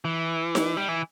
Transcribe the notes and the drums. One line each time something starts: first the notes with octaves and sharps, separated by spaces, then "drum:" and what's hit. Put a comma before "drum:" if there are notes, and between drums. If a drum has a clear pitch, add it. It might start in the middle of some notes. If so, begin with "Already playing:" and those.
E3
drum: snare D#4
G3
E3